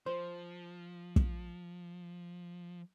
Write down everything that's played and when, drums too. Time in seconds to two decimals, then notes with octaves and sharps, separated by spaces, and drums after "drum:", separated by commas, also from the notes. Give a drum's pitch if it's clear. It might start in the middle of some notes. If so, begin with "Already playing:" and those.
0.06 F3 C5
1.16 drum: kick